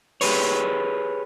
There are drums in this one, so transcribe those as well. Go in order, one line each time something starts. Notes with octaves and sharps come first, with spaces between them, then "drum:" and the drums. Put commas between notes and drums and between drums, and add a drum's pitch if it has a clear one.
G4 G#4 B4 C#5, drum: open hi-hat